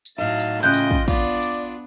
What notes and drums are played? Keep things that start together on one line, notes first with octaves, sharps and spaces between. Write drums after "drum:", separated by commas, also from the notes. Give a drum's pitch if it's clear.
drum: tambourine
A2 F#3 D#4 F5 A5
drum: tambourine
A2 C#3 F4 D#5 G5 F#6 G6
drum: tambourine
drum: kick
B3 D4 F4 D5, drum: kick, tambourine
drum: tambourine